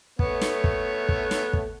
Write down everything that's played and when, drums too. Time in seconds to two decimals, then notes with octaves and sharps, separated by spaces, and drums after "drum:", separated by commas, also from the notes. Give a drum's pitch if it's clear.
0.19 A3 B3 C#5, drum: kick
0.41 drum: snare
0.64 drum: kick
1.09 drum: kick
1.31 drum: snare
1.53 drum: kick